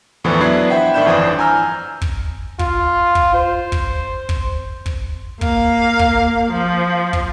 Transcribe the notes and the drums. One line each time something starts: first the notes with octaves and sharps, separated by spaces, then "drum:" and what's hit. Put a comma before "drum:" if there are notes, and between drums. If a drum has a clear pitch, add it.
E2 A2 D3 E3 F3
F#3 B3 D4 E4 G#6 C7
C5 E5 F#5 G5 B5
A2 D#3 D4 E5 G6 E7
G1 F2 E3 D4 C5 D#6
G#5 A#5 E6 F6 G6
drum: kick
F4, drum: kick
drum: kick
C5
drum: kick
drum: kick
drum: kick
A#3 F5, drum: kick
drum: kick
F3
drum: kick